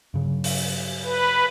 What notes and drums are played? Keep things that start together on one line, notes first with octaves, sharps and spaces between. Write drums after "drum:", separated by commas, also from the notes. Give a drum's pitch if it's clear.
G2 C#3 F#3
drum: open hi-hat
B4